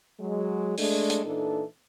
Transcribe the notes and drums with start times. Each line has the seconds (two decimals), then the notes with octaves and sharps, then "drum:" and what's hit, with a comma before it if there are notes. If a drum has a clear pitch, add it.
0.20 F#3 G#3
0.77 G#3 A3 D4, drum: open hi-hat
1.10 drum: hi-hat
1.25 A#2 E3 D4 D#4 A4